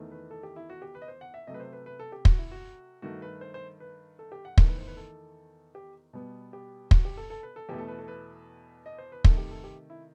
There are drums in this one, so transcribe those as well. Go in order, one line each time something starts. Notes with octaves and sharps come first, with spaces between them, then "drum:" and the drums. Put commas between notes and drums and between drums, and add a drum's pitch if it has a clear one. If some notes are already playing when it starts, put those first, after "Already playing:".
Already playing: E2 D#3 A3
B4
A4
G4
E4
F#4
G4
B4
D#5
C5
F#5
E5
C3 F#3 A3 D#5
B4
C5
B4
B4
A4
G4
F#4, drum: kick
E4
F#4
G2 D#3 A3 F#4
B4
C5
C5
B4
A4
G4
F#5
E2 D#3 A3 A4, drum: kick
B4
C5
B4
A4
G4
B2 G3 B3
G4
F#4, drum: kick
G4
A4
A4
B4
A4
E2 B2 A3 G4
A4
B4
A4
B4
D#5
C5
B4
C3 D#3 A3 A4, drum: kick
G4
A4
G4
E4